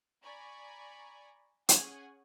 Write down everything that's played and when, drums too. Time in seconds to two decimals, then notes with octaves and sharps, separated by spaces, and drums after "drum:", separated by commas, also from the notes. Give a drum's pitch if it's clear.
0.23 D5 G#5 A#5 B5 C#6
1.69 C#4 G#4 F#5 G#5, drum: hi-hat